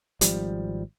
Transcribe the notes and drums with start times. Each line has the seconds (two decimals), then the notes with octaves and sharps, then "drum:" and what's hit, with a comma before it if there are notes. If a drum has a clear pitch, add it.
0.21 G#1 F3 G3, drum: hi-hat